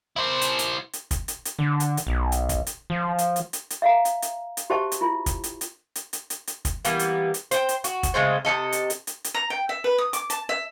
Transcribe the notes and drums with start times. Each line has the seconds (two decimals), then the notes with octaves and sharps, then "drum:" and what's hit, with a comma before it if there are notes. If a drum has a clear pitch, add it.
0.16 E4 C5
0.41 drum: hi-hat
0.59 drum: hi-hat
0.93 drum: hi-hat
1.11 drum: kick, hi-hat
1.28 drum: hi-hat
1.45 drum: hi-hat
1.59 D3
1.80 drum: hi-hat
1.97 drum: hi-hat
2.07 B1
2.32 drum: hi-hat
2.49 drum: kick, hi-hat
2.67 drum: hi-hat
2.90 F3
3.18 drum: hi-hat
3.36 drum: hi-hat
3.53 drum: hi-hat
3.70 drum: hi-hat
3.82 E5 F5 A#5
4.05 drum: hi-hat
4.22 drum: hi-hat
4.57 drum: hi-hat
4.70 F#4 G4 C5 E5 A5 C#6
4.92 drum: hi-hat
5.01 E4 F4
5.26 drum: kick, hi-hat
5.44 drum: hi-hat
5.61 drum: hi-hat
5.95 drum: hi-hat
6.13 drum: hi-hat
6.30 drum: hi-hat
6.47 drum: hi-hat
6.65 drum: kick, hi-hat
6.85 E3 G3 A#3 B3, drum: hi-hat
6.99 drum: hi-hat
7.34 drum: hi-hat
7.51 C5 G5, drum: hi-hat
7.69 drum: hi-hat
7.84 F#4, drum: hi-hat
8.03 drum: kick, hi-hat
8.14 C#3 G#3 A3 C4
8.45 C3 G3 A4 D#5
8.72 drum: hi-hat
8.90 drum: hi-hat
9.07 drum: hi-hat
9.24 drum: hi-hat
9.34 A#5
9.50 G5
9.69 E5
9.84 B4
9.98 D#6
10.13 D6, drum: hi-hat
10.30 A5, drum: hi-hat
10.49 E5